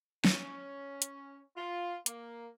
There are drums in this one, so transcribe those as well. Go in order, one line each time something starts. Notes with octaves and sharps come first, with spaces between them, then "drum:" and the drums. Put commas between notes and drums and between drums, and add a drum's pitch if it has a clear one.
C#4, drum: snare
drum: hi-hat
F4
A#3, drum: hi-hat